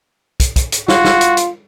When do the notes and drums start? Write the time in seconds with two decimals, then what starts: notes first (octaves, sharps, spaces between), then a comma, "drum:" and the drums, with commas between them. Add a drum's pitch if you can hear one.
0.40 drum: kick, hi-hat
0.56 drum: kick, hi-hat
0.72 drum: hi-hat
0.88 F4 F#4, drum: snare
1.05 drum: snare
1.21 drum: hi-hat
1.37 drum: hi-hat